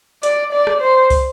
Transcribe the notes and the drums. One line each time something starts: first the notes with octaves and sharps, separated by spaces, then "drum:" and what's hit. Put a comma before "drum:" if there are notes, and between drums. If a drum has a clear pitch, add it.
D5, drum: hi-hat
D5
drum: rim click
C5
drum: kick, open hi-hat